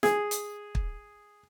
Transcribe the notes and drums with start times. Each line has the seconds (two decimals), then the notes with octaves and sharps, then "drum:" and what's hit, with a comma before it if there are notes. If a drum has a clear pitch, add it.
0.03 G#4, drum: snare
0.31 drum: hi-hat
0.75 drum: kick